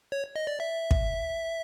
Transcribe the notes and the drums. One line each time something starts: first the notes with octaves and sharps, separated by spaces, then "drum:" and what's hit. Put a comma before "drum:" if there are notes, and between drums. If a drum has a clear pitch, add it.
C#5
D#5
D5
E5
drum: kick